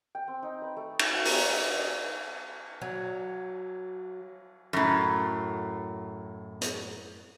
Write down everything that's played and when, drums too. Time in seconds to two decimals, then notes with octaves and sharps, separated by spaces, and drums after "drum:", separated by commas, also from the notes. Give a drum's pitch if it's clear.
0.15 G5
0.28 C4
0.43 D#4
0.62 B4
0.77 A3
0.99 C#5, drum: cymbal
1.13 F#5
1.25 A#5, drum: open hi-hat
1.37 D#4
1.49 E5
1.62 D4
1.75 D#5
2.82 F#3
4.73 F#2 A2
6.61 drum: hi-hat